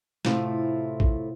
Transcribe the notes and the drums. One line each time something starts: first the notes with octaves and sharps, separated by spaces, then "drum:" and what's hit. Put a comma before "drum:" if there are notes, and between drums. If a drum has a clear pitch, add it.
A2 C3 A3 C4 E4 F4, drum: snare
drum: kick A1